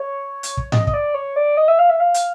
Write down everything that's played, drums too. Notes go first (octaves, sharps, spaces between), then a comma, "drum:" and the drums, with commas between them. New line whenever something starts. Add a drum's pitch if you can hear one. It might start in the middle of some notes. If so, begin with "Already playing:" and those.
Already playing: C#5
drum: hi-hat
drum: kick
D#5, drum: tom G#2
D#5, drum: kick
D5
C#5
D5
D#5
E5
F5
E5
F5
drum: hi-hat